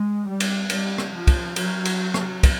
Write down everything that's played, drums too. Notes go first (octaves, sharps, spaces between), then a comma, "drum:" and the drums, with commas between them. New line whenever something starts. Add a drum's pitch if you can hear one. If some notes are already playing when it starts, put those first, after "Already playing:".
Already playing: G#3
G3
drum: cymbal
G3, drum: cymbal
drum: rim click
F3
drum: kick, cymbal
F#3, drum: cymbal
drum: cymbal
drum: rim click
drum: kick, cymbal